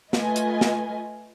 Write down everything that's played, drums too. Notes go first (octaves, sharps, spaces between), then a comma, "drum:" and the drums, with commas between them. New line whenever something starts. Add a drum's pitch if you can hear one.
A3 F4 B4 D#5 G#5, drum: snare
drum: hi-hat
drum: snare